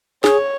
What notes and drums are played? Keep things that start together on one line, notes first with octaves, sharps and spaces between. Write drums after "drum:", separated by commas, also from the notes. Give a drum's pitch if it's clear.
G#4 C#5, drum: snare